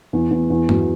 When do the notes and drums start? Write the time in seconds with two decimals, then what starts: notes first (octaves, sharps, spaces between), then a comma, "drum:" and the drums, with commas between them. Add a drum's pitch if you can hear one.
0.13 E2
0.31 E2
0.50 E2
0.69 F#3, drum: tom G2